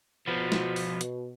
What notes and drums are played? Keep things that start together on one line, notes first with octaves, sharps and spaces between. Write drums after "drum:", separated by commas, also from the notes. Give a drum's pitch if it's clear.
B2 F3 B3
drum: snare
drum: open hi-hat
drum: hi-hat